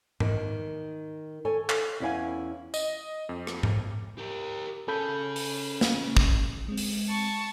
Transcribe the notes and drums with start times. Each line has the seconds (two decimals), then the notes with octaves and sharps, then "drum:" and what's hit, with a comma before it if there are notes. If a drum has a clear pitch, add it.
0.20 D#3, drum: tom G#2
1.45 A4 C#5 G#5
1.69 drum: clap
2.00 E2 C#4 E4 C#5 F5 G#5
2.74 D#5, drum: tambourine
3.29 F2
3.47 drum: rim click
3.63 drum: tom G#2
4.18 G4 A#4
4.88 C#4 G#4 A4 B5 G6
5.36 drum: open hi-hat
5.81 drum: snare
6.17 drum: kick
6.68 G#3 C4
6.77 drum: open hi-hat
7.09 A5 C#6